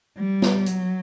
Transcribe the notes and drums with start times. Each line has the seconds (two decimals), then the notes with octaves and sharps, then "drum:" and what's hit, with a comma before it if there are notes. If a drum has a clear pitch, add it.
0.18 G3
0.42 drum: snare B3
0.66 F#3, drum: hi-hat